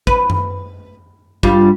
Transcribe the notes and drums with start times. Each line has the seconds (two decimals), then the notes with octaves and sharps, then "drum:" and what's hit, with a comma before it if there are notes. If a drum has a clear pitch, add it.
0.07 B4, drum: kick
0.30 drum: tom F#2
1.43 G2 G3 F4, drum: kick